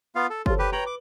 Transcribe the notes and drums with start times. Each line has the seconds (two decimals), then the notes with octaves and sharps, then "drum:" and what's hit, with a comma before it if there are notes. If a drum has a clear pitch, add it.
0.15 B3 F4 F5
0.30 A4
0.46 F4 A4 C5 C#5, drum: kick
0.59 G4 B4
0.72 B4 C#5 G5 A#5 F#7
0.86 D6